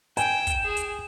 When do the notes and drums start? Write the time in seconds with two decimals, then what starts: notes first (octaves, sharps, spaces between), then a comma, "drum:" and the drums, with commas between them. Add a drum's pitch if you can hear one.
0.17 G5 G#5 E7, drum: hi-hat
0.47 drum: kick, hi-hat
0.64 G#4
0.77 drum: hi-hat